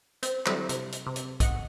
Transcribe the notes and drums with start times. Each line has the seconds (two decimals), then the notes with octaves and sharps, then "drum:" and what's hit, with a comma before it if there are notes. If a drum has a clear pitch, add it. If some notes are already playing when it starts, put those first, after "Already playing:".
0.23 C4, drum: hi-hat
0.46 D3 F#3 G3 C4 E4, drum: clap
0.69 C3, drum: hi-hat
0.92 drum: hi-hat
1.07 C3
1.16 drum: hi-hat
1.40 D#5 F#5, drum: kick B1, hi-hat